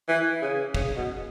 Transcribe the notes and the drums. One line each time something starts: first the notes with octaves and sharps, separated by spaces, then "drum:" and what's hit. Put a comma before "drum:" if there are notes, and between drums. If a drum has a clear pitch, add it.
E3
C#3
C#3, drum: kick
B2